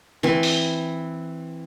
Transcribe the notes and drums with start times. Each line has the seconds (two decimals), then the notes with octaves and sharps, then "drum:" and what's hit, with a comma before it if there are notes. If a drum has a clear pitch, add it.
0.23 E3 C4
0.43 drum: open hi-hat